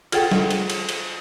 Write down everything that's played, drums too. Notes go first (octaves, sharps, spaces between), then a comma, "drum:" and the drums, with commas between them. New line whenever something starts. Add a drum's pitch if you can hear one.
F4 G#4 A4 F#5 G5, drum: cymbal
drum: snare
drum: cymbal
drum: cymbal
drum: cymbal